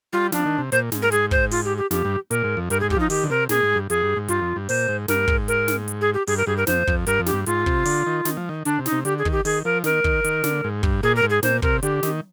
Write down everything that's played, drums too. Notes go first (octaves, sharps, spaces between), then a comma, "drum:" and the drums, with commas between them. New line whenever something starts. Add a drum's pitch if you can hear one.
G3 F4
F3 D4, drum: snare
D#3
C3
A#2 C5, drum: hi-hat
G#2, drum: snare
A#4
G#4, drum: hi-hat
C5, drum: kick
F4, drum: open hi-hat
G4
G4
F2 G4, drum: snare
G2
A#2 A#4, drum: hi-hat
G#2
F2
G2 A#4, drum: hi-hat
G#4
G#2
G4, drum: kick
F3 D#4
D#3 G4, drum: open hi-hat
D3
C3 A#4
A#2 G#4, drum: snare
G#2
G2
F2 G#4, drum: hi-hat
G2
G#2
G2 F4, drum: hi-hat
F2
G2
A#2 C5, drum: open hi-hat
G#2
G2 A#4, drum: snare
G#2, drum: kick
A#4, drum: hi-hat
drum: snare
drum: hi-hat
G#4
G4
G2 G#4, drum: open hi-hat
A#4
G2 G#4
A#4
F2 C5, drum: snare
F2, drum: kick
G2 A#4, drum: hi-hat
F2
G4, drum: snare
G2
G#2 F4, drum: hi-hat
C3, drum: kick
D3, drum: open hi-hat
D#3
D#3, drum: snare
F3
D#3
D3 D4, drum: hi-hat
C3
D#4, drum: snare
C3
D3 G4, drum: hi-hat
G#4
D#3, drum: kick
G4
D#3 G#4, drum: open hi-hat
F3 A#4
D#3 A#4, drum: snare
D#3, drum: kick
D#3, drum: hi-hat
D3, drum: snare
G#2
G2, drum: kick
A#2 G#4
A#4
G#2
G#4
A#2 C5, drum: snare
C3 A#4, drum: kick
D3 G4, drum: hi-hat
D#3, drum: snare